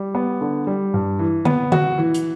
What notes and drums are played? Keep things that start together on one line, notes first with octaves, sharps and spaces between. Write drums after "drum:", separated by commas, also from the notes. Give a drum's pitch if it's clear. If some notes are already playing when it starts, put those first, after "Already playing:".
Already playing: G3
B3
D3
G3
G2
E3
B3, drum: tom D3
F#4, drum: tom D3
E3
drum: hi-hat